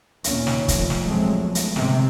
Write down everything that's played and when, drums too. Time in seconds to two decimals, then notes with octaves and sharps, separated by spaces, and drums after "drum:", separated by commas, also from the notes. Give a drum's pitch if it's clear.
0.24 D#2 A#2 C#4, drum: hi-hat
0.47 drum: snare
0.68 C2 A2 F3, drum: kick C#1, hi-hat
0.90 drum: snare
1.06 A#2 F3 F#3 G#3 A3 C4
1.38 E2
1.55 drum: hi-hat
1.76 G#2 C3, drum: snare